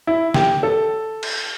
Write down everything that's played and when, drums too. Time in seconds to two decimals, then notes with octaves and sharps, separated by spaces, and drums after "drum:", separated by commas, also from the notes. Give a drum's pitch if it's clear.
0.07 E4
0.34 G4, drum: snare
0.63 A4
1.23 drum: cymbal